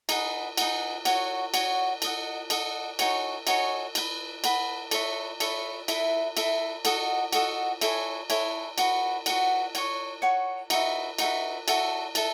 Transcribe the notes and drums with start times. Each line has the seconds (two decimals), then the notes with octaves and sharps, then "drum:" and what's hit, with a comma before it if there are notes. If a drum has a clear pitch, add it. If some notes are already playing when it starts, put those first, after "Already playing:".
0.09 D#4 G#4 B4 F#5, drum: cymbal
0.57 D#4 G#4 B4 F#5, drum: cymbal
1.05 F#4 C#5 F#5, drum: cymbal
1.54 F#4 C#5 F#5, drum: cymbal
2.02 A4 D#5 F#5, drum: cymbal
2.50 A4 D#5 F#5, drum: cymbal
2.99 D#4 F#4 C#5 G#5, drum: cymbal
3.47 D#4 F#4 C#5 G#5, drum: cymbal
3.95 B4 F#5 B5, drum: cymbal
4.44 B4 F#5 B5, drum: cymbal
4.91 A4 C#5 E5 B5, drum: cymbal
5.40 A4 C#5 E5 B5, drum: cymbal
5.88 E4 A4 E5, drum: cymbal
6.37 E4 A4 E5, drum: cymbal
6.85 F#4 A4 D#5 F#5, drum: cymbal
7.33 F#4 A4 D#5 F#5, drum: cymbal
7.81 E4 A4 C#5 G#5, drum: cymbal
8.30 E4 A4 C#5 G#5, drum: cymbal
8.78 F#4 B4 F#5, drum: cymbal
9.26 F#4 B4 F#5, drum: cymbal
9.75 C#5 F#5 C#6, drum: cymbal
10.22 C#5 F#5 C#6
10.70 D#4 F#4 B4 E5, drum: cymbal
11.18 D#4 F#4 B4 E5, drum: cymbal
11.68 F#4 A4 E5 A5, drum: cymbal
12.15 A4 E5 A5, drum: cymbal